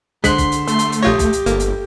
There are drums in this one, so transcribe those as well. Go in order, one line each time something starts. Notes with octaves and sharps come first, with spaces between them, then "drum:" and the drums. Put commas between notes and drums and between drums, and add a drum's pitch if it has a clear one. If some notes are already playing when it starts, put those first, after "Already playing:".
D3 G#3 C5 C6 F#6 B6, drum: kick, hi-hat
drum: kick, hi-hat
drum: hi-hat
A3 C6, drum: hi-hat
drum: hi-hat
drum: hi-hat
A#1 F4 G4 C#5 D#6 G6 A#6
drum: kick, hi-hat
drum: hi-hat
G1 A#3 A4, drum: hi-hat
drum: hi-hat